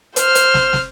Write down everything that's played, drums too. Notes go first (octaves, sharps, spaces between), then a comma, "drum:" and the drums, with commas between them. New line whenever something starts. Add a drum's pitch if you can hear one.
C5 F6, drum: hi-hat
drum: hi-hat
drum: snare
drum: snare